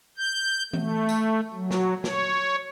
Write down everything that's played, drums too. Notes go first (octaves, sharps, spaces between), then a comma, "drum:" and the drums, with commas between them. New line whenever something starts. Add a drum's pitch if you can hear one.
G6
A3, drum: tom E3
drum: tambourine
F#3
drum: snare
C#5, drum: snare